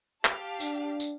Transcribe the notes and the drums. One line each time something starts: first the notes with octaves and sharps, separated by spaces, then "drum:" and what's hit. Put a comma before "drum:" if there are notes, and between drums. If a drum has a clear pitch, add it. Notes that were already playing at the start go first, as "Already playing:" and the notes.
G4 F5 A5, drum: clap
D4, drum: tambourine
drum: tambourine